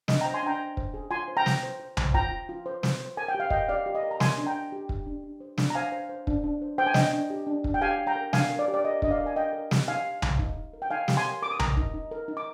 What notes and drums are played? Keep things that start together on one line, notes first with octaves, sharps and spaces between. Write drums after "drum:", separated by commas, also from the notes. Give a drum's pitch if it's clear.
D4 D#5, drum: snare
C5 G5 A#5
G#5 C6
D4 G5 A#5
C5
C5, drum: kick
G#4
F4 G#5 C6
C5
G5 A#5
C5, drum: snare
C5
C5
C5, drum: tom B1
F4 G5 A#5, drum: kick
F4
F4
C5
C5, drum: snare
C5
A#4 G#5
G5
G4
F5
A#4 D#5 G5, drum: kick
G4 D5 F5
G4
D#5
A#4
A#5
A#4 G#5 C6, drum: snare
D4
G5 A#5
D4
G4
G4, drum: kick
D4
D4
C5
D4, drum: snare
A#5
C5 F5 G#5
C5
C5
D4, drum: kick
D4
C5
C5 G5
G#5
D4 D#5 G5, drum: snare
D4
G4
D4
D4, drum: kick
G5
G4 F5 G#5
G4
G5 A#5
A#4
D4 F5 G#5, drum: snare
A#4
D5
G4
D5
A#4 D#5
D4 D#5, drum: kick
D5 F5
A#4
G#5
A#4 D#5 G5
A#4
G4, drum: snare
D#4 F5 G#5
G4
D#4, drum: tom B1
D#4, drum: kick
D#4
A#4
G5
D#4 F5 G#5
G4, drum: snare
G#5 C6
A#4
A#4 D6
D#6
A#4 A#5 D6, drum: tom B1
D#4, drum: kick
D#4
A#4
D#4
D6